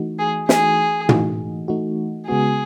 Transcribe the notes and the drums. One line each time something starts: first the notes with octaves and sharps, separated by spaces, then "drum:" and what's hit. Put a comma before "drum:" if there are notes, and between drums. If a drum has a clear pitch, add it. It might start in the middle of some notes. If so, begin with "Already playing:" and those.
Already playing: E3 A3 D#4 F#4
G#4
E3 A3 D#4 F#4 G#4, drum: snare
E3 A3 D#4 F#4, drum: tom
E3 A3 D#4 F#4
C#3 G#3 B3 F#4 G#4